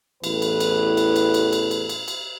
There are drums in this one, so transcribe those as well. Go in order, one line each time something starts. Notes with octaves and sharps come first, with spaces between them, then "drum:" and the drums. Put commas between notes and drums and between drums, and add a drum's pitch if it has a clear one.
A1 E2 A2 B4, drum: cymbal
drum: cymbal
drum: cymbal
drum: cymbal
drum: cymbal
drum: cymbal
drum: cymbal
drum: cymbal
drum: cymbal
drum: cymbal